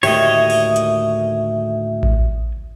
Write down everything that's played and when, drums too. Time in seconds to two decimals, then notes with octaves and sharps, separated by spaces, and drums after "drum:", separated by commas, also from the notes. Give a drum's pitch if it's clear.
0.03 D2 A2 D#3 A#3 G4 C#5 D#5 E5, drum: cymbal
0.50 drum: open hi-hat
0.76 drum: hi-hat
2.03 drum: kick A1